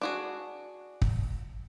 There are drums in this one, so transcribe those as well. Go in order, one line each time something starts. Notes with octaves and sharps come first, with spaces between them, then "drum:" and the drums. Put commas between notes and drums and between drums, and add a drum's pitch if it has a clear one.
D4 F#4 G#4
drum: kick